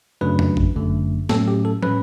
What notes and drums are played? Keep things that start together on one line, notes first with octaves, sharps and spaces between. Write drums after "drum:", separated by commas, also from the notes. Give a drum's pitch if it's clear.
F#2 C#3 F#3 A3 D4 B4
drum: tom F2
drum: kick G#1
G1 F#2 D3 A3
A2 F#3 A3 C#4 A4, drum: snare
G4
A4
A2 G3 C#4 B4, drum: tom